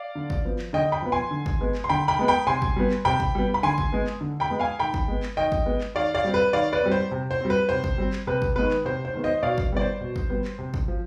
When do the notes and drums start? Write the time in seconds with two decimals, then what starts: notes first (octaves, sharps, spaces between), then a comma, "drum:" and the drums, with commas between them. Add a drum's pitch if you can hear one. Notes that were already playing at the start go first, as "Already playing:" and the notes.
Already playing: D5 F5
0.15 D3
0.30 drum: kick
0.45 F3 B3
0.59 drum: clap
0.73 D3 D#5 G5
0.92 G5 B5
1.02 F3 B3
1.12 G#5 C6
1.31 D3
1.46 drum: kick
1.61 G#3 B3
1.75 drum: clap
1.84 C6
1.89 D3 G5 B5
2.08 G5 B5
2.19 G#3 B3
2.28 G5 B5
2.47 C3 G#5 C6
2.62 drum: kick
2.76 G3 B3
2.91 drum: clap
3.05 C3 G5 B5
3.20 drum: kick
3.35 G3 B3
3.54 B5
3.63 D3 G#5 C6
3.78 drum: kick
3.93 G#3 B3
4.07 drum: clap
4.21 D3
4.40 G5 B5
4.50 G#3 B3
4.59 F5 G#5
4.79 D#3 G5 B5
4.94 drum: kick
5.08 G#3 B3
5.23 drum: clap
5.37 D#3 D#5 G5
5.52 drum: kick
5.66 G#3 B3
5.81 drum: clap
5.95 D#3 D5 F5
6.15 D5 F5
6.24 G3 C4
6.34 B4
6.53 D#3 D5 F5
6.73 B4 D5
6.83 G3 C4
6.92 C5
7.11 C3
7.31 C5
7.41 G3 C4
7.50 B4
7.69 C3 C5
7.84 drum: kick
7.98 G3 C4
8.13 drum: clap
8.27 C3 B4
8.42 drum: kick
8.56 D#3 G#3 B3 B4
8.71 drum: clap
8.85 C3 C5
9.05 C5
9.14 D#3 G#3 B3
9.24 C5 D#5
9.43 B2 D5 F5
9.58 drum: kick
9.72 G3 B3 D5
9.81 C5
10.01 B2
10.16 drum: kick
10.30 G3 B3
10.45 drum: clap
10.59 C3
10.74 drum: kick
10.88 F3